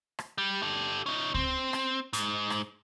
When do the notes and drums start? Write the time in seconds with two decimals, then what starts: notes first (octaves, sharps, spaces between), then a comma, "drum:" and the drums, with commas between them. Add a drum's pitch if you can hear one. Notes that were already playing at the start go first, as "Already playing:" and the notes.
0.19 drum: rim click
0.38 G3
0.62 G4 A4
1.06 C#4 D#4
1.34 C4, drum: kick C#2
1.73 drum: rim click
2.13 G#2, drum: hi-hat
2.50 drum: rim click